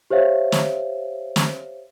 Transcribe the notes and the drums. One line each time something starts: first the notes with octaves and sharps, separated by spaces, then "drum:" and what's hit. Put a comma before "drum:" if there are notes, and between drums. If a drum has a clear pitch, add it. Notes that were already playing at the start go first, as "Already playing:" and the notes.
G4 C5 C#5 E5 F5
drum: snare
drum: snare